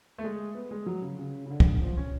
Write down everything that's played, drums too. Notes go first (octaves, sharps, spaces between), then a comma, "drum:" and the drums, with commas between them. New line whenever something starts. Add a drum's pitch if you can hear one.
A3
G#3
B3
G#3
F#3
C#3
C#3
C#3
D3
drum: kick
F3
C#4